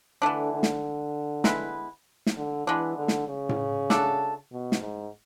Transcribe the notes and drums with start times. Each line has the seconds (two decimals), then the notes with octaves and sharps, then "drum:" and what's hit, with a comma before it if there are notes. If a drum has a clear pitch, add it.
0.22 D3 E3 A3 D4
0.53 D3
0.63 drum: snare
1.44 G#3 B3 E4 B4, drum: snare
2.26 drum: snare
2.37 D3
2.67 E3 G#3 B3 D4
2.98 D3
3.08 drum: snare
3.28 C#3
3.49 drum: tom A2
3.90 A3 D4 F#4 A4, drum: snare
4.52 B2
4.72 drum: snare
4.82 G#2